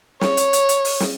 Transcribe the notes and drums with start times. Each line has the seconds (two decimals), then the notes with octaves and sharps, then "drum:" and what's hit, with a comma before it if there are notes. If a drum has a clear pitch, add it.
0.21 C#5, drum: snare
0.37 drum: hi-hat
0.53 drum: hi-hat
0.69 drum: hi-hat
0.85 drum: open hi-hat
1.00 drum: snare